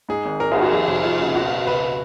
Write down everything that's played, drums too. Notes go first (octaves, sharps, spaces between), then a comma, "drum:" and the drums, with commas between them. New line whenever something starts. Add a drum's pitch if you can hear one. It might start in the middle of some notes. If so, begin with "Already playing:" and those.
G#2 G#4
G#1
G#1 A#4
G#4, drum: cymbal
D#3
F#4
F2 G#4
F1
F1 F4
C#3
B2 F#4
F5
B2
C#2 B4